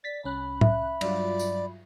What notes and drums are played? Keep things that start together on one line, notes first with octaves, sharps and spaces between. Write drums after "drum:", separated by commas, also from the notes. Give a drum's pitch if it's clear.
D5 A6 B6
C2 C#4 B5 F#6
E5, drum: tom
G2 F#3 F4 D5, drum: cymbal
drum: tambourine